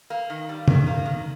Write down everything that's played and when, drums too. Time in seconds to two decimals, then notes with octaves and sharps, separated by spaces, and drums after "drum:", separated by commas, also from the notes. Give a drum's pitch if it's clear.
0.10 A#3
0.30 D#3
0.49 G3
0.68 D#3, drum: tom
0.86 A#3
1.06 D#3